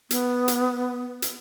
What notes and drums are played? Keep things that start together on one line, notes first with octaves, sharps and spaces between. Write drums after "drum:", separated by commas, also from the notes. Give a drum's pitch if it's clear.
B3, drum: hi-hat
drum: hi-hat
drum: hi-hat